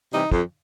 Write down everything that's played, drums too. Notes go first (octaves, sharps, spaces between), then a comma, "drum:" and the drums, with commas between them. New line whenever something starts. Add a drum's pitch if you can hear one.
C3 E3 G3 D#4
F2, drum: kick